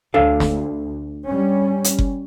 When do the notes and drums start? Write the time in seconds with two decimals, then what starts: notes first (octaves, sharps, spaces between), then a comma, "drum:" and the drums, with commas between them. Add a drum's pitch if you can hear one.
0.14 D2 D4 A4 F5
0.40 drum: snare
1.28 G3 C#4
1.84 drum: hi-hat
1.99 drum: kick F#1